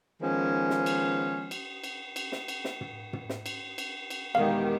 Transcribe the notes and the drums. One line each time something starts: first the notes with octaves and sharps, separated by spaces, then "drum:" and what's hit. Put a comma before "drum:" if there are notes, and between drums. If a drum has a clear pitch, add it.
D#3 F3 G#3 B3 C#4
drum: snare
drum: cymbal
drum: cymbal
drum: cymbal
drum: cymbal
drum: snare
drum: cymbal
drum: snare
drum: tom
drum: tom
drum: snare
drum: cymbal
drum: cymbal
drum: cymbal
E2 B2 D#3 G#3 G4 F5